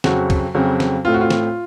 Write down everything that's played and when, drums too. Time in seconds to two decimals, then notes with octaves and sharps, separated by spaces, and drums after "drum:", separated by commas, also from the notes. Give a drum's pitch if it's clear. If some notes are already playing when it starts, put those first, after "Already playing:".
0.04 F2 C#3 F#3 C4 F#4, drum: snare
0.30 drum: kick, cymbal
0.55 F2 C#3 F#3 C4
0.80 drum: snare
1.05 A2 A3 C4 F4
1.14 F#4
1.21 F4
1.30 drum: snare